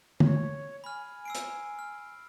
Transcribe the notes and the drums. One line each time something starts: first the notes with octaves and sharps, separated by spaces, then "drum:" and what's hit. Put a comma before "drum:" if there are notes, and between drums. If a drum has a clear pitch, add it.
C#5, drum: tom
G#5 B5 F6
E6 C7 D7
drum: hi-hat
F6